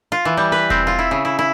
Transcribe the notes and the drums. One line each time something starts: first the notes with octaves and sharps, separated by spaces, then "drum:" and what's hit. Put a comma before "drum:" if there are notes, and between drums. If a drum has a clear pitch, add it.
F4
E3
G3
B4
C4, drum: kick E1
F4
E4
C#3
E4
E4